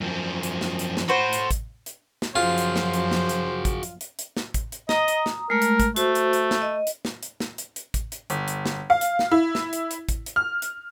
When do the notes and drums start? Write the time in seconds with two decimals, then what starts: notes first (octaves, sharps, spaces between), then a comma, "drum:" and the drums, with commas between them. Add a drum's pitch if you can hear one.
0.01 F#2 F3
0.43 drum: hi-hat
0.61 drum: snare
0.79 drum: hi-hat
0.97 drum: snare
1.09 F#4 A4 C5 B5
1.33 drum: hi-hat
1.51 drum: kick, hi-hat
1.86 drum: hi-hat
2.22 drum: snare
2.36 F#2 F3 F4 F#4 G#4 C5
2.58 drum: hi-hat
2.76 drum: snare
2.94 drum: hi-hat
3.11 drum: snare
3.29 drum: hi-hat
3.65 drum: kick, hi-hat
3.83 drum: hi-hat
4.01 drum: hi-hat
4.19 drum: hi-hat
4.37 drum: snare
4.54 drum: kick, hi-hat
4.72 drum: hi-hat
4.89 D#5 A#5 D#6, drum: snare
5.08 drum: hi-hat
5.26 drum: snare
5.50 G#3 A3 A#4
5.62 drum: hi-hat
5.80 drum: kick, hi-hat
5.96 A3 F#4 C5, drum: hi-hat
6.15 drum: hi-hat
6.33 drum: hi-hat
6.51 drum: snare
6.62 D#5
6.87 drum: hi-hat
7.05 drum: snare
7.23 drum: hi-hat
7.40 drum: snare
7.58 drum: hi-hat
7.76 drum: hi-hat
7.94 drum: kick, hi-hat
8.12 drum: hi-hat
8.30 G1, drum: hi-hat
8.48 drum: hi-hat
8.66 drum: snare
8.90 F5
9.01 drum: hi-hat
9.19 drum: snare
9.31 E4
9.55 drum: snare
9.73 drum: hi-hat
9.91 drum: hi-hat
10.09 drum: kick, hi-hat
10.26 drum: hi-hat
10.36 F6
10.62 drum: hi-hat